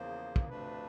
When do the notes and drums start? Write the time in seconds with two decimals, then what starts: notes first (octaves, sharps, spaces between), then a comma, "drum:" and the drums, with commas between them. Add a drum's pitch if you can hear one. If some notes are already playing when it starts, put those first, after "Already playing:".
Already playing: E2 C#3 F3 A#3 C5
0.36 drum: kick
0.49 D2 C3 F3 A3 D4 B4